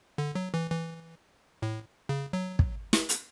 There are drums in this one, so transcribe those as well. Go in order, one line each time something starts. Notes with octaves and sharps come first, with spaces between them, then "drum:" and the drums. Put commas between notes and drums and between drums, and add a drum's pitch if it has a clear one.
D3
F#3
E3
E3
A2
C#3
F#3
drum: kick
drum: snare
drum: hi-hat